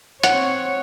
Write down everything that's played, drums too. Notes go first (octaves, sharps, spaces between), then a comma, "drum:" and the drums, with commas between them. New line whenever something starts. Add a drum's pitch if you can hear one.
C4 C#5 F#5, drum: hi-hat